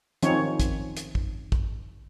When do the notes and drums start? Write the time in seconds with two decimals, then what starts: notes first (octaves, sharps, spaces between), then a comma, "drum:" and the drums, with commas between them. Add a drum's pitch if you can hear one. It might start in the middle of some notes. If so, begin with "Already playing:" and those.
0.23 D#3 F3 C4 C#4 D#4 C#5, drum: hi-hat
0.60 drum: kick, hi-hat
0.97 drum: hi-hat
1.15 drum: kick
1.52 drum: kick